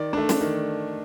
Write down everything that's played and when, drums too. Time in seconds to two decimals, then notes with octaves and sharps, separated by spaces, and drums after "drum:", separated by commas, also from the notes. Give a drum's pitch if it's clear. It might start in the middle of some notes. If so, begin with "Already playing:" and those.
Already playing: D#3 D5
0.13 A3 D4
0.29 drum: snare
0.41 D#3